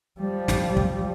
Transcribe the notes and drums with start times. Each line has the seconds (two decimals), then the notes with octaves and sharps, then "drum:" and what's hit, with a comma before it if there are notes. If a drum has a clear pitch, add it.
0.20 F3 G3
0.48 drum: snare
0.77 drum: kick